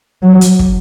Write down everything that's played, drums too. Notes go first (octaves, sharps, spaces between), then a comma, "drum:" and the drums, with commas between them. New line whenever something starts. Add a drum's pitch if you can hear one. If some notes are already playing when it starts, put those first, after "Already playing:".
F#3
drum: hi-hat
drum: kick